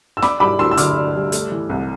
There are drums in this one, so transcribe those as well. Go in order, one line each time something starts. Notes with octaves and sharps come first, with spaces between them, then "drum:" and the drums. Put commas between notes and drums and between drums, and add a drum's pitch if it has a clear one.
E6
D4 B5 D6, drum: snare
G3 B5 D6
D2 C6 E6
E6
D3 D6 F6, drum: hi-hat
D4
G3
A3, drum: hi-hat
E3
C2